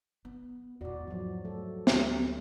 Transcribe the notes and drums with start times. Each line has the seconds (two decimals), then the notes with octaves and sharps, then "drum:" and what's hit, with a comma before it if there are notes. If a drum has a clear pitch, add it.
0.25 B3
0.81 E2 G#2 F#4 D5
1.07 F3 F#3
1.45 G3 A3 A4
1.87 D2, drum: snare